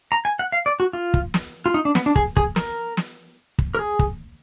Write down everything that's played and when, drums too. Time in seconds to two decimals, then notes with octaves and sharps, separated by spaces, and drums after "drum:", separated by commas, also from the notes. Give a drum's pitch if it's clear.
0.12 A#5
0.25 G#5
0.39 F#5
0.52 F5
0.66 D5
0.80 F#4
0.93 F4
1.14 drum: kick
1.34 drum: snare
1.66 F4
1.74 D#4
1.85 D4
1.95 B3, drum: snare
2.06 D4
2.16 G#4, drum: kick
2.37 G#4, drum: kick
2.56 A#4, drum: snare
2.97 drum: snare
3.59 drum: kick
3.75 A#4
3.79 G#4
3.99 drum: kick